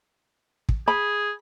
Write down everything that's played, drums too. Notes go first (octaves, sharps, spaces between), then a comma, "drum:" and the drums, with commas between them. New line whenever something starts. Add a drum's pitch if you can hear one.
drum: kick
G#4 B5